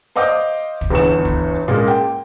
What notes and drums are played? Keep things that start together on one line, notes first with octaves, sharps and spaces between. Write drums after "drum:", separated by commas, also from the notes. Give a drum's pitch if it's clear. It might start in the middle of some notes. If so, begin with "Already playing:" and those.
C5 D#5 F5 D6 D#6 G6
drum: kick
G1 E2 D3 C#6 E7
drum: kick
A#2 G#3 A#3 C#4
G5